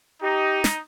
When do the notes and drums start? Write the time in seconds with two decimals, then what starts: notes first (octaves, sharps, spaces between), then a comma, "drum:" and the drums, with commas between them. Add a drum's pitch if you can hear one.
0.22 D#4 G4
0.64 drum: snare